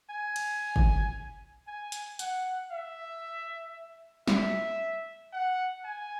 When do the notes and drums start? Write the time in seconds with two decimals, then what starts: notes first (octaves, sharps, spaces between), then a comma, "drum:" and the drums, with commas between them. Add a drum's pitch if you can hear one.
0.10 G#5
0.36 drum: cymbal
0.76 drum: kick G1
1.67 G#5
1.92 drum: hi-hat
2.19 F#5, drum: hi-hat
2.71 E5
4.27 E5, drum: snare
5.33 F#5
5.85 G#5